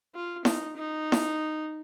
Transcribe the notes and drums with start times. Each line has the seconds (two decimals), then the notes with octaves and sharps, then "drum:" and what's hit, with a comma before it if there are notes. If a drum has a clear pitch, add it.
0.15 F4
0.45 D#4, drum: snare E4
0.76 D#4
1.12 drum: snare E4